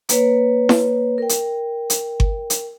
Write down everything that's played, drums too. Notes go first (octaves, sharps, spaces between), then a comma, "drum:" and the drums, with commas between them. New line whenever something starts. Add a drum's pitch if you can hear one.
A#3 B4 C#5, drum: hi-hat
drum: snare E4
A#4 G5
drum: hi-hat
drum: hi-hat
drum: kick G1
drum: hi-hat